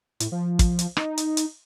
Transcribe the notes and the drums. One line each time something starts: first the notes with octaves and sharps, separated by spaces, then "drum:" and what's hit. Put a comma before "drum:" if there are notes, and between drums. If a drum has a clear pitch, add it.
A2, drum: hi-hat
F3
drum: kick, hi-hat
drum: hi-hat
D#4, drum: rim click
drum: hi-hat
drum: hi-hat